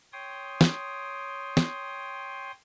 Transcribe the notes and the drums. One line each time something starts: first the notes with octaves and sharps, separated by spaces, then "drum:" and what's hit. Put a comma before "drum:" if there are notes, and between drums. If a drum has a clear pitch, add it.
C#5 G5 C6 D#6
drum: snare
drum: snare